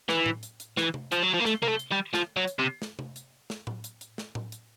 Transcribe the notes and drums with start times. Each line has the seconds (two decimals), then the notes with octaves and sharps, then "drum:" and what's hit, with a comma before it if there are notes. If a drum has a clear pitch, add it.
0.09 E3, drum: snare
0.26 drum: tom A2
0.43 drum: hi-hat
0.60 drum: hi-hat
0.77 E3, drum: snare
0.94 drum: tom C3
1.12 F3, drum: hi-hat
1.22 F#3
1.33 F3
1.39 A#3
1.45 A3, drum: snare
1.62 A#3, drum: tom C3
1.68 A3
1.79 drum: hi-hat
1.91 G3
2.14 F3, drum: snare
2.37 F#3
2.48 drum: hi-hat
2.59 C3
2.82 drum: snare
2.99 drum: tom C3
3.16 drum: hi-hat
3.50 drum: snare
3.67 drum: tom A2
3.84 drum: hi-hat
4.01 drum: hi-hat
4.18 drum: snare
4.35 drum: tom A2
4.52 drum: hi-hat